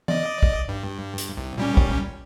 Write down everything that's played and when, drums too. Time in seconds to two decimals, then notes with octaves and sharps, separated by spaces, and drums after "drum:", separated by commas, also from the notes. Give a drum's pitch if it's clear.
0.08 D5 D#5, drum: tom E3
0.43 drum: kick
0.69 G2
1.18 drum: hi-hat
1.37 C2
1.58 A#2 G3 C#4
1.77 drum: kick